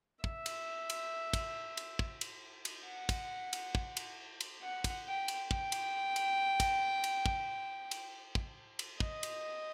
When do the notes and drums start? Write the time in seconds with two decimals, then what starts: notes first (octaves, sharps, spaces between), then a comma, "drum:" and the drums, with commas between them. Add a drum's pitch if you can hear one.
0.24 E5, drum: kick
0.46 drum: cymbal
0.90 drum: cymbal
1.33 drum: kick, cymbal
1.77 drum: cymbal
1.99 drum: kick
2.21 drum: cymbal
2.65 drum: cymbal
2.86 F#5
3.09 drum: kick, cymbal
3.53 drum: cymbal
3.75 drum: kick
3.97 drum: cymbal
4.40 drum: cymbal
4.62 F#5
4.84 drum: kick, cymbal
5.07 G5
5.28 drum: cymbal
5.51 G5, drum: kick
5.72 drum: cymbal
6.16 drum: cymbal
6.60 drum: kick, cymbal
7.04 drum: cymbal
7.26 drum: kick
7.91 drum: cymbal
8.35 drum: kick
8.79 drum: cymbal
9.00 D#5, drum: kick
9.23 drum: cymbal